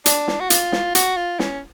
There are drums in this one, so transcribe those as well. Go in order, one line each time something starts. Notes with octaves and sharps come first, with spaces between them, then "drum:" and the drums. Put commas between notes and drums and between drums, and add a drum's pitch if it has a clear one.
D4, drum: hi-hat
drum: snare
F#4
F4, drum: hi-hat
drum: snare
F#4, drum: hi-hat
F4
C#4, drum: snare